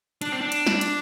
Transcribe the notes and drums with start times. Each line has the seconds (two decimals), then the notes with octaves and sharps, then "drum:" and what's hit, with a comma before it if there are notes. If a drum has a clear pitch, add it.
0.22 D4, drum: hi-hat
0.32 C4
0.41 D4
0.52 drum: hi-hat
0.67 drum: snare
0.81 drum: hi-hat